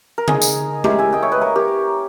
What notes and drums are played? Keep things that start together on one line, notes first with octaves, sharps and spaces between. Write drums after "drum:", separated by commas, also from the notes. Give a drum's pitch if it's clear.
A#4
G#3 D#4 G#4, drum: tom
drum: tambourine
G#3 C#4 E4 G4 A#4, drum: tom G#3
E5 G#5
D#5 G5
C#5 E5
B4 D#5
A#3 E4 A#4 C#5
G4 A#4